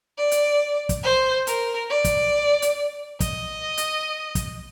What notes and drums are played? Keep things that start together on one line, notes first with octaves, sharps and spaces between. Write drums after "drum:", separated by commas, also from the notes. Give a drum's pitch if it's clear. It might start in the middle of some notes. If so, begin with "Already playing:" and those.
D5
drum: hi-hat
drum: kick, hi-hat
C5
A#4, drum: hi-hat
D5
drum: kick, hi-hat
drum: hi-hat
D#5, drum: kick, hi-hat
drum: hi-hat
drum: kick, hi-hat